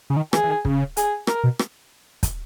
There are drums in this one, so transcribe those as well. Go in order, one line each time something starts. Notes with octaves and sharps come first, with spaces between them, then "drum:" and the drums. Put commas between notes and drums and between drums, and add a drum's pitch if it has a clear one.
C#3
D#3
E3 G#4, drum: rim click
E3
D#3
C#3, drum: kick
G#4, drum: hi-hat
A#4, drum: rim click
B2
drum: rim click
drum: kick, hi-hat